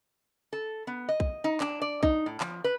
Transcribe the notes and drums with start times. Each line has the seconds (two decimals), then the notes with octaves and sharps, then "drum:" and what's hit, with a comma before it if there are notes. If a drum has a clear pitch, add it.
0.53 A4
0.87 B3
1.09 D#5
1.20 drum: kick B1
1.44 D#4
1.60 D4, drum: clap
1.82 D5
2.03 D#4, drum: kick B1
2.26 A2
2.40 F3, drum: clap
2.64 B4